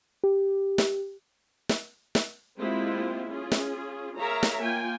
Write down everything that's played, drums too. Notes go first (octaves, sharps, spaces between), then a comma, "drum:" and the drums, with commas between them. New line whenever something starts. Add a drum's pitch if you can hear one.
G4
drum: snare
drum: snare
drum: snare
G#3 A#3 C4 E4 F4 G4
C#4 F4 G#4
drum: snare
G#4 A#4 C#5 E5 F5 A#5
drum: snare
A#3 F4 G5 G#5